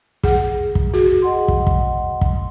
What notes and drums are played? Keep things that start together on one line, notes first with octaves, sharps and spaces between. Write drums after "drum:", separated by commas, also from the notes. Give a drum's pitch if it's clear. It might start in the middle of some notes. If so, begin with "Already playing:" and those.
G#4 F#5, drum: kick
drum: kick
F#4 G#4
D#5 F#5 C6
drum: kick
drum: kick
drum: kick